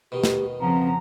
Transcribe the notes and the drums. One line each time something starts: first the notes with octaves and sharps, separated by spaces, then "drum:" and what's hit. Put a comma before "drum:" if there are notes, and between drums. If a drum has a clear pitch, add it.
B2 D#3 G4
drum: snare
F2 C#3 F3 C4 F#5 A#5